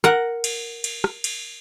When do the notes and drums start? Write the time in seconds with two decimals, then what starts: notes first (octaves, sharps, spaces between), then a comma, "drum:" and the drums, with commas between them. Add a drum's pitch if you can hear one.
0.04 A#4 F#5, drum: rim click
0.44 drum: cymbal
0.84 drum: cymbal
1.04 drum: rim click
1.24 drum: cymbal